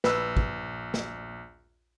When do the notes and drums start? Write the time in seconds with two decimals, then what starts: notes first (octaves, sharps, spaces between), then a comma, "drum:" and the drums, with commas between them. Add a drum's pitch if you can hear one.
0.04 A#1 B4 E6, drum: snare
0.37 drum: kick
0.94 drum: snare